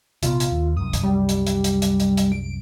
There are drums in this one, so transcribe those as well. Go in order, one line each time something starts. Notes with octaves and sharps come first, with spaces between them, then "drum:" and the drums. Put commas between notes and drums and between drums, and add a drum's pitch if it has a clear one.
A#1 C3 B3 F4, drum: hi-hat
drum: hi-hat
D#2
C2 F#2 D#6
drum: kick, hi-hat
G3
drum: hi-hat
drum: hi-hat
drum: hi-hat
drum: hi-hat
drum: hi-hat
drum: hi-hat
D7